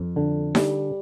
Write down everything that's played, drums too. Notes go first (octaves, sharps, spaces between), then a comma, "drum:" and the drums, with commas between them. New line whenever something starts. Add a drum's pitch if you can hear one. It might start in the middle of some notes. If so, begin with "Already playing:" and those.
Already playing: F2
D3
G3, drum: snare D#4